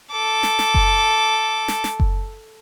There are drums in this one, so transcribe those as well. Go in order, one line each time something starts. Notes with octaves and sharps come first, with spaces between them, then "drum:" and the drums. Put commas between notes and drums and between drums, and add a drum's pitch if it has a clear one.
A4 D6
drum: snare
drum: snare
drum: kick F#1
drum: snare
drum: snare
drum: kick F#1